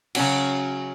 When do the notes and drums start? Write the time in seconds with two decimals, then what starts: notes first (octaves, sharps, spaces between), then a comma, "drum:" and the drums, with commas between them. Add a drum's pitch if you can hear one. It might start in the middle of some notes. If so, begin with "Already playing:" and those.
0.15 C#3 F#3 C#4 F#4, drum: cymbal